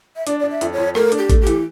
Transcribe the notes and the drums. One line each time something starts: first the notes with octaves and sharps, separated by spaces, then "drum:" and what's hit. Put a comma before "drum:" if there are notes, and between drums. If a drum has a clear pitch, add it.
E5
D4 D5, drum: hi-hat
D4 D5
E5
F2, drum: hi-hat
F2 C#5
A3 A#4, drum: rim click
D4, drum: hi-hat
G4
A3, drum: kick A1, hi-hat
G4
E3, drum: hi-hat